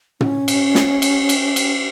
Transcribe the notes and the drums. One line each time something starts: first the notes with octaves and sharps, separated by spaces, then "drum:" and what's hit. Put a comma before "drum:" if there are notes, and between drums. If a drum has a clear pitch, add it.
C#4, drum: tom
drum: cymbal
drum: snare
drum: cymbal
drum: cymbal
drum: cymbal